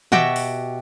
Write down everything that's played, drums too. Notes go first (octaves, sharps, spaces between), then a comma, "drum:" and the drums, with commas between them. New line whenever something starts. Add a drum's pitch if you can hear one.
B2 F#4 G4 E5 G5, drum: tom D#3
drum: open hi-hat